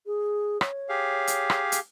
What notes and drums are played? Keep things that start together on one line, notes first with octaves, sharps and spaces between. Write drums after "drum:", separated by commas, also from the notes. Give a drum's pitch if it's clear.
G#4
C#5, drum: rim click
G4 G#4 F5
drum: hi-hat
drum: rim click
drum: hi-hat